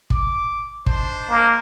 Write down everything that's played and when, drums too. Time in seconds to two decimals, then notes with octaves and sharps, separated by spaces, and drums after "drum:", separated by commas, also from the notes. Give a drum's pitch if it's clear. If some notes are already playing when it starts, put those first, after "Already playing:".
0.10 D6, drum: kick
0.86 D4 D#4 C5, drum: kick
1.29 A#3